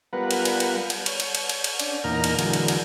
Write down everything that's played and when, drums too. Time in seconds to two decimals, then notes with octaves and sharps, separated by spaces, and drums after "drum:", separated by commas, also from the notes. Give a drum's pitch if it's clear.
0.13 G3 B3 F4 A#4 B4 F#5
0.31 drum: cymbal
0.45 drum: cymbal
0.60 drum: cymbal
0.90 drum: cymbal
1.06 C#5, drum: cymbal
1.20 drum: cymbal
1.35 drum: cymbal
1.49 drum: cymbal
1.64 drum: cymbal
1.80 C#4 D4, drum: cymbal
2.04 E2 A#2 A#3 D#4 A#5 F6
2.24 drum: cymbal
2.39 D3 E3 F#3 G#3 A#4, drum: cymbal
2.53 drum: cymbal
2.68 drum: cymbal